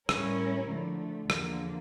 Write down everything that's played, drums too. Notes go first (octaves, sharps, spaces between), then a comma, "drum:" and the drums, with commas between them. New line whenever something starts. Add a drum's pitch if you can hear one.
A2 G3 C#4 E4 A#4, drum: rim click
D3 F3 A3
E2 D3 F3 A#3, drum: rim click